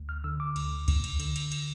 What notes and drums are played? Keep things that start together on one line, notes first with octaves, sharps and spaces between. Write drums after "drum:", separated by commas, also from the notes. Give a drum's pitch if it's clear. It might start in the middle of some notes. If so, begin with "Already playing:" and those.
Already playing: D2
F6
D3 E6
D6
D2, drum: cymbal
D2, drum: kick C2, cymbal
drum: cymbal
D3, drum: cymbal
drum: cymbal
drum: cymbal